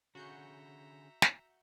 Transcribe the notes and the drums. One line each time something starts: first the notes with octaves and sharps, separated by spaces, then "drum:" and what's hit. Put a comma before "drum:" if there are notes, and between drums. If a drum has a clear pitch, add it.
D3 C#4 F#4 G#4 E5 A#5 G6 C#7
drum: snare